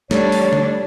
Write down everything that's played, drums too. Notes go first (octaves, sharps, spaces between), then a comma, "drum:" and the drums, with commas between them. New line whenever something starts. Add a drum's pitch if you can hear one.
G3 A3 D4 C#5, drum: snare
drum: open hi-hat
drum: tom D3